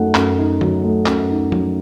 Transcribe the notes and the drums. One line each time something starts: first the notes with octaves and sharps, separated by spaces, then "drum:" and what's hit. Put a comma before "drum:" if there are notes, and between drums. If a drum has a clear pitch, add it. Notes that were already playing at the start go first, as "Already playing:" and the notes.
Already playing: F#2 F#3 A3 D#4 F#5
F#2, drum: clap
D#4
F#3, drum: tom
A3
F#2, drum: clap
D#4
F#3, drum: tom